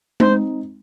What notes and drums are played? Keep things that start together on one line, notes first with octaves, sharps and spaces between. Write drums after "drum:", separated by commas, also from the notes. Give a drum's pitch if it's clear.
C4 D#4 C5, drum: tom G#3